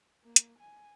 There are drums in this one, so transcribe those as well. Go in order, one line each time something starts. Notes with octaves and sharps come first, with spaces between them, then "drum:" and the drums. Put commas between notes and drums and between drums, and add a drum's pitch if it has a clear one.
A#3
drum: hi-hat
G#5